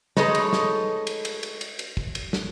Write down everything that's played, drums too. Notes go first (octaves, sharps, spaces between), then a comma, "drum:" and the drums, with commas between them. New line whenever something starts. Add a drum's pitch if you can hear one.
G#3 A3 D#4 A4 B4 C#5, drum: snare
drum: cymbal
drum: snare
drum: cymbal
drum: cymbal
drum: cymbal
drum: cymbal
drum: cymbal
drum: kick
drum: cymbal
drum: snare